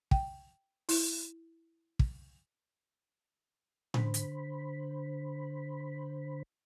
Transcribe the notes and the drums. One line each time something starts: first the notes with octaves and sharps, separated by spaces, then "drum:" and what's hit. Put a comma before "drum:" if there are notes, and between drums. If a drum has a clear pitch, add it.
G5, drum: kick
E4, drum: open hi-hat
drum: kick
D3 C5 B5, drum: tom A2
drum: hi-hat